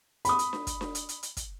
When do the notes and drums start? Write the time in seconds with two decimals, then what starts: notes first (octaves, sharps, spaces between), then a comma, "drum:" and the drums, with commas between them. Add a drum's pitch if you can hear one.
0.25 B5 D#6, drum: hi-hat
0.39 drum: hi-hat
0.53 drum: snare D4
0.67 drum: kick, hi-hat
0.81 drum: snare D4
0.95 drum: hi-hat
1.09 drum: hi-hat
1.23 drum: hi-hat
1.37 drum: kick, hi-hat